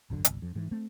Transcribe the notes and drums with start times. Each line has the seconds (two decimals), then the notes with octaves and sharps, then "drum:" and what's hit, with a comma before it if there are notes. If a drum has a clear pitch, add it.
0.10 D#1 G#1 F#2 D3
0.25 G1 C2, drum: hi-hat
0.42 F2
0.55 G#2 E3
0.71 A3 C4